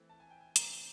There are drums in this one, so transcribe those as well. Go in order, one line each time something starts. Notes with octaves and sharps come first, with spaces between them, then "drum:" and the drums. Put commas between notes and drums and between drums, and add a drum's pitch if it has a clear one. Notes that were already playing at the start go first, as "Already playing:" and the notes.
Already playing: E3 A3 C4
A5
G#5
G5
G#5
E3 A3 C4 A#5, drum: hi-hat